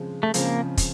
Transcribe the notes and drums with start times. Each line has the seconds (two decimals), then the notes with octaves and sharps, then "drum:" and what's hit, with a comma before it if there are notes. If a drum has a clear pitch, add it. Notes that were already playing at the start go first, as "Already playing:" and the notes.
Already playing: C#3 F3 G#3 C4
0.23 A3
0.34 C#3 F3 G#3 A#3 C4, drum: hi-hat
0.77 drum: kick, hi-hat